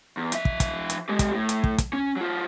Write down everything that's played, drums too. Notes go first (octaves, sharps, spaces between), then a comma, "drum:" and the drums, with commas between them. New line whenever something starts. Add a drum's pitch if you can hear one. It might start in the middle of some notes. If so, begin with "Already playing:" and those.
E2
F3 E5, drum: hi-hat
drum: kick
drum: kick, hi-hat
drum: hi-hat
G#3 G4
drum: kick, hi-hat
A2
drum: hi-hat
drum: kick
drum: kick, hi-hat
C#4
F#3 F4